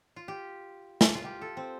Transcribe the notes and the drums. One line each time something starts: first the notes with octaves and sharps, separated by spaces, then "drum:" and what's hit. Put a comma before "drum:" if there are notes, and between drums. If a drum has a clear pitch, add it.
F4
G4
drum: snare
F4
G4
A4
C4